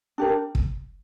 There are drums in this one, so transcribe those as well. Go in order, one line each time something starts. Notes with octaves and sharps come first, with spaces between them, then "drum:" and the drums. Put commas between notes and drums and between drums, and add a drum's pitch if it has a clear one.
D4 G4 A#4
drum: kick